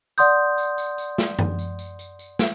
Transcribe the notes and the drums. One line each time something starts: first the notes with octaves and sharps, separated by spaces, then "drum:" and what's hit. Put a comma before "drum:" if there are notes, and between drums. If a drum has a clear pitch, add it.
D5 F#5 C6 D#6 G6, drum: tambourine
drum: tambourine
drum: tambourine
drum: tambourine
drum: snare
drum: tom F#2
drum: tambourine
drum: tambourine
drum: tambourine
drum: tambourine
drum: snare